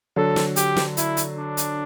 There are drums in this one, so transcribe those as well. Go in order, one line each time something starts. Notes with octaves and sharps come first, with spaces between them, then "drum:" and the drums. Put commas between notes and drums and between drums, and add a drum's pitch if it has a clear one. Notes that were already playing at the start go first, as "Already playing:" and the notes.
D3 F#3 A4
drum: snare
G4, drum: hi-hat
drum: snare
E4, drum: hi-hat
drum: hi-hat
D4
drum: hi-hat